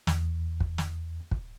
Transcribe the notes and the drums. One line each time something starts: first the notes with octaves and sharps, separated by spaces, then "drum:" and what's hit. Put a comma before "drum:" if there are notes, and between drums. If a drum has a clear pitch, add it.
E2, drum: snare
drum: kick
drum: snare
drum: kick